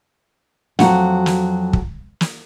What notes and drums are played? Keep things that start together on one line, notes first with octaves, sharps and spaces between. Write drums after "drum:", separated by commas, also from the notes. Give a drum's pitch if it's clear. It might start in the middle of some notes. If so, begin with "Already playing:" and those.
F2 F#3 D#4 F#4 F#5, drum: snare
drum: snare
drum: kick
drum: snare